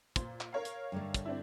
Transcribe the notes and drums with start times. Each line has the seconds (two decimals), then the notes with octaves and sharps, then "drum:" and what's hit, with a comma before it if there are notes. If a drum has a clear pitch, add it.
0.16 A#2 C5, drum: kick, hi-hat
0.41 drum: clap
0.52 A#4 C#5 F5
0.65 drum: hi-hat
0.92 G2 D3 A3
1.14 drum: kick, hi-hat
1.25 C4 D4 E4